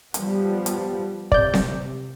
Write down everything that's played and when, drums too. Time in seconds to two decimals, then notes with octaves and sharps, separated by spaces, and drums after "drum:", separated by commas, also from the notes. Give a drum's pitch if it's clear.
0.14 F3 G3 B3, drum: hi-hat
0.66 drum: hi-hat
1.32 C3 D5 G6, drum: kick
1.54 drum: snare C4